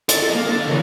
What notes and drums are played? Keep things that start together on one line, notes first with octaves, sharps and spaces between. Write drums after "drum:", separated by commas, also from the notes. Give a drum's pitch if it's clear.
A4, drum: hi-hat
A4 D#5
A#3
D4 A4
C#3 E3